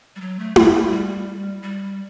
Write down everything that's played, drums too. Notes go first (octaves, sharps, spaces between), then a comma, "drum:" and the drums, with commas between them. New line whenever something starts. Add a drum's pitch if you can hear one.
G3
F#3
A3
G3, drum: tom E4
A3
G3
G3